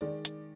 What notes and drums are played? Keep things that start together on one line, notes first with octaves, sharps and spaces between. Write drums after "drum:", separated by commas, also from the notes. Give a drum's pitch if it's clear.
D#3 G#3 D5
drum: hi-hat